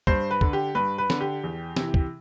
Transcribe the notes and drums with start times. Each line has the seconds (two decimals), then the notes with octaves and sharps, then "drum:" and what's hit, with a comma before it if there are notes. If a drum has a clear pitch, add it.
0.07 G2 C5, drum: kick
0.31 B4
0.41 D3, drum: kick
0.53 G4
0.75 G2 B4
0.98 B4
1.10 D3, drum: snare
1.21 G4
1.44 E2
1.76 C3 E3, drum: snare
1.94 drum: kick